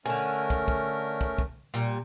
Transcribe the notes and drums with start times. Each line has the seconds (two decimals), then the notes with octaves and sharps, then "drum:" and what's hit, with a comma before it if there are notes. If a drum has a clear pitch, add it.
0.06 D3 A3 C#4 A#4 G#5
0.50 drum: kick
0.68 drum: kick
1.21 drum: kick
1.38 drum: kick
1.74 A#2 G3